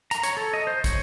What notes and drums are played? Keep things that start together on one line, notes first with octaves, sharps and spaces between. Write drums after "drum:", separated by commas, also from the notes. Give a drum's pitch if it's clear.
A#5, drum: hi-hat
C#5, drum: hi-hat
A4
D#5
C5
C#5, drum: kick, hi-hat